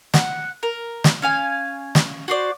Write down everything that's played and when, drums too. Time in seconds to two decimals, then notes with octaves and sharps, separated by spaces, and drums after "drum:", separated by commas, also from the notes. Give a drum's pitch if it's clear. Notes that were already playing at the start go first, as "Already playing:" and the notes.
0.14 F#5, drum: snare
0.63 A#4
1.04 drum: snare
1.22 C#4 F5 G#5
1.95 drum: snare
2.28 F#4 C5 D5